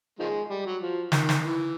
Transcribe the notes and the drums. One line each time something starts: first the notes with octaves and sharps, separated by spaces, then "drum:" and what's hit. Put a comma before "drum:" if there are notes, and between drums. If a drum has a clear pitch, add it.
D#3 F3 G#3
G3
F#3
F3
D#3, drum: snare
drum: snare
E3